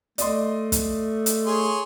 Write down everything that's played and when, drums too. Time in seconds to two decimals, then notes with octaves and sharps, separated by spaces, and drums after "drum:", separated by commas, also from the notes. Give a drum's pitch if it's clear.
0.18 A3 D5 D#5 C6, drum: hi-hat
0.72 drum: kick, hi-hat
1.26 drum: hi-hat
1.46 G#4 C#5 C6